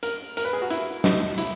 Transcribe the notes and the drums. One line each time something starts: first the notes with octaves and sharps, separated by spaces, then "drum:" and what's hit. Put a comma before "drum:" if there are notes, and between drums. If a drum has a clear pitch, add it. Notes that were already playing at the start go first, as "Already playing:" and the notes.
A#4, drum: hi-hat
A#4, drum: hi-hat
B4
G#4
F#4
E4, drum: hi-hat
D#4, drum: snare
E4, drum: hi-hat